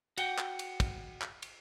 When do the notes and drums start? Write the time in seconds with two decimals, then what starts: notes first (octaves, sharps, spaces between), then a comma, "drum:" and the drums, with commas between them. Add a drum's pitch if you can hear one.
0.18 F#4 F#5 G5, drum: cymbal
0.38 drum: clap
0.59 drum: cymbal
0.80 drum: kick, cymbal
1.22 drum: clap
1.42 drum: cymbal